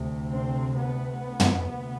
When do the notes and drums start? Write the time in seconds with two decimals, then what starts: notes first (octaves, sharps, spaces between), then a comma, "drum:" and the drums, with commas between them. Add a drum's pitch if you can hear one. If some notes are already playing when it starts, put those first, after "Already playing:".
Already playing: D2 C3
0.32 C4
0.77 B3
1.40 drum: tom
1.65 D2 C3